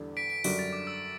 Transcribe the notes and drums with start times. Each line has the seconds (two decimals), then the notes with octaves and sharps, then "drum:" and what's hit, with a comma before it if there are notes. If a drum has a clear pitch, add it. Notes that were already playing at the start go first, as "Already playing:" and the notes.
Already playing: E2 D3 G3 D4
0.17 B6 D7
0.30 B6 D7
0.44 F#2 D3 G3 D4 F#4, drum: open hi-hat
0.59 A6
0.73 D6
0.87 E6